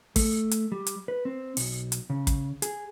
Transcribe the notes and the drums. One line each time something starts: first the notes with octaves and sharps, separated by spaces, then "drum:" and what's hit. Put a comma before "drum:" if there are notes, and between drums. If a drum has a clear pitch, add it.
A3, drum: kick, open hi-hat
drum: hi-hat
G3
drum: hi-hat
B4
C4
B1, drum: open hi-hat
drum: hi-hat
C#3
drum: kick, hi-hat
G#4, drum: hi-hat